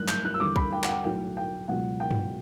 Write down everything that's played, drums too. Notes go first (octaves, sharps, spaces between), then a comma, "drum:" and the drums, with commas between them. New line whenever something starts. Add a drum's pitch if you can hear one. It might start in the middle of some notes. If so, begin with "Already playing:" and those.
Already playing: A1 G2 F#3 F#6
G6, drum: clap
F#6
E6
E2 D3 G3 D6
B5, drum: kick
G5
F#5, drum: clap
G5
B1 A2 F#3 G5
G5
C#2 B2 F#3 F#5
G5
drum: tom G2